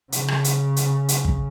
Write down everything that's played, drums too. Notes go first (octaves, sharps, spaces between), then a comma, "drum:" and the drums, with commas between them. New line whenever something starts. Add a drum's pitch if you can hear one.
C#3, drum: hi-hat
drum: rim click
drum: hi-hat
drum: hi-hat
drum: hi-hat
drum: kick